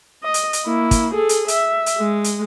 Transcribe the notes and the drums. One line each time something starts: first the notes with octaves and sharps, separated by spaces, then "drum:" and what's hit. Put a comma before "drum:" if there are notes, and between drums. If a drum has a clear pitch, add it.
D#5
drum: hi-hat
drum: hi-hat
A#3 E4
drum: kick, hi-hat
G#4 A4
drum: hi-hat
E5, drum: hi-hat
drum: hi-hat
G#3
drum: hi-hat